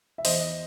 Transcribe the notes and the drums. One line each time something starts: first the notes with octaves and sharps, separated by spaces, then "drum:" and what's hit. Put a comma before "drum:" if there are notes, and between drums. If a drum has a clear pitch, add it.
E5
E2 C5 D#5, drum: open hi-hat